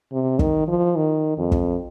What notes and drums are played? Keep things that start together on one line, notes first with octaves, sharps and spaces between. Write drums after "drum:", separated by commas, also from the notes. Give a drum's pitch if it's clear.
C3
D#3, drum: kick
F3
D#3
F2
drum: kick